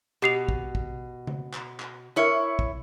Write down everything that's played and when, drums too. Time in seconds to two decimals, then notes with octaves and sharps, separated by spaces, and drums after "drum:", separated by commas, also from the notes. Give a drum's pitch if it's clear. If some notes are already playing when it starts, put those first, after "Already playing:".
0.22 B2 G4 C7 F7
0.49 drum: kick
0.75 drum: kick
1.27 drum: tom C#3
1.54 drum: clap
1.80 drum: clap
2.16 E4 A#4 C#5 E5
2.59 drum: kick